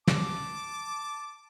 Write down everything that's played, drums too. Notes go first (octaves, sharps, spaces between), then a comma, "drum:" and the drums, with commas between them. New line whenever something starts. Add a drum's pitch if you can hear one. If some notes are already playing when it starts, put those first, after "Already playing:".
A5 D6, drum: snare